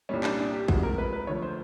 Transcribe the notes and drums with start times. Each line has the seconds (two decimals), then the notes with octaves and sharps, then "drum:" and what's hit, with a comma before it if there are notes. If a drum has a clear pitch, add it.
0.09 C2 A#2 G3 C#4
0.24 D4, drum: clap
0.39 D4
0.53 G4
0.68 D2 C3 F3 G#3 F#4, drum: kick
0.83 A#4
0.98 B4
1.13 B4
1.27 D2 D3 F3 C#5
1.42 C5